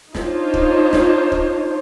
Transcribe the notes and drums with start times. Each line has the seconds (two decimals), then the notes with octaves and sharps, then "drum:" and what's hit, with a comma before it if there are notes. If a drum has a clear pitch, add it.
0.15 D4 D#4 F4 C5 C#5, drum: snare
0.54 drum: kick
0.93 drum: snare
1.32 drum: kick